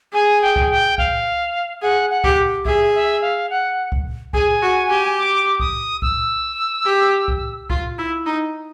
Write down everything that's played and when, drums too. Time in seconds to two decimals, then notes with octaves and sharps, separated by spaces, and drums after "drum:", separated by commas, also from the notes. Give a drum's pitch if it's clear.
0.13 G#4 G#5
0.42 G5
0.56 drum: kick C2
0.70 G5
0.98 F5, drum: kick C2
1.82 G#4 F#5
2.10 F#5
2.24 G4, drum: kick C2
2.65 G#4 E5, drum: kick C2
2.94 E5
3.21 F5
3.50 F#5
3.92 drum: kick C2
4.33 G#4 G#5, drum: kick C2
4.62 F#4
4.90 G4
5.18 D6
5.60 D#6, drum: kick C2
6.02 E6, drum: kick C2
6.86 G4
7.28 drum: kick C2
7.70 F4, drum: kick C2
7.98 E4
8.26 D#4